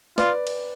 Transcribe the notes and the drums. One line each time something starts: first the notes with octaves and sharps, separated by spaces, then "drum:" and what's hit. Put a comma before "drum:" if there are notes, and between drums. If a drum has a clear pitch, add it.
F4 B4 D5, drum: snare
drum: cymbal